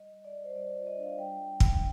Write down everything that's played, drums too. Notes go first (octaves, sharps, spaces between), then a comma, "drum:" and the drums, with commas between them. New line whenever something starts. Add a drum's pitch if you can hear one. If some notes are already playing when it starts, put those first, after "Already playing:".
Already playing: G3 D#5
G3
D5
G3
C5
G3 D5
F4
D#5
D4
F5
G3 G5
G3
G5
G3, drum: kick